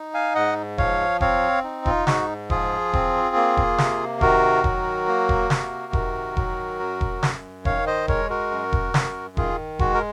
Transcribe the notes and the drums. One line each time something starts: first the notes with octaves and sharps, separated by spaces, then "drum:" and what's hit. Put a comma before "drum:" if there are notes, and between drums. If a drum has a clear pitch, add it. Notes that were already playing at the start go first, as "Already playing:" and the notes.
Already playing: D#4
F5 G#5
G#2 D#5 F#5
F3 C#5 F5, drum: kick E1
C4 C#5 F5, drum: kick E1
D#4
F4, drum: kick E1
G#2 F#4, drum: snare
F3 F4 G#4, drum: kick E1
C4, drum: kick E1
A#3
drum: kick E1
C3, drum: snare
D#3 F#4 A#4, drum: kick E1
F#3, drum: kick E1
A#3
drum: kick E1
C3, drum: snare
D#3, drum: kick E1
F#3, drum: kick E1
F#2
drum: kick E1
F#2, drum: snare
D#3 C#5 F5, drum: kick E1
C5 D#5
G#3 A#4 C#5, drum: kick E1
F#4 A#4
F#2
drum: kick E1
F#2, drum: snare
D#3 F4 G#4, drum: kick E1
G#3 F#4, drum: kick E1
A#4